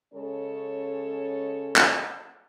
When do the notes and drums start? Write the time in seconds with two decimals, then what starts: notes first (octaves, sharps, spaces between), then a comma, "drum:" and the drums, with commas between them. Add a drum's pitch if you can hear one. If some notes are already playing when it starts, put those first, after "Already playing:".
0.13 C#3 G#3 C#4 A4 C#5
1.76 drum: clap